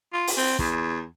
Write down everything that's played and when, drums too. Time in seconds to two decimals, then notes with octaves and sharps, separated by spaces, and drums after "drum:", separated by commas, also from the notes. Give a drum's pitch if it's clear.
0.13 F4
0.27 drum: open hi-hat
0.37 C4
0.59 E2, drum: kick